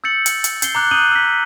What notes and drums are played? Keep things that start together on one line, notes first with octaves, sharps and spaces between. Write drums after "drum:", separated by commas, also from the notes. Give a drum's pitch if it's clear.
E6 G6 A6 C#7 F#7
drum: hi-hat
drum: hi-hat
G6 C7 G7, drum: hi-hat
A#5 D6 F#6 G6
A#5 D#6 G6 D#7 F#7 G7
E6 B6